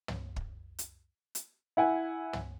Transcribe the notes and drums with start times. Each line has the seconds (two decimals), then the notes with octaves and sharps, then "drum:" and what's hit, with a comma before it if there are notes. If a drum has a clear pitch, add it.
0.08 drum: tom
0.36 drum: kick
0.79 drum: hi-hat
1.35 drum: hi-hat
1.77 E4 F#5 G#5
2.33 drum: tom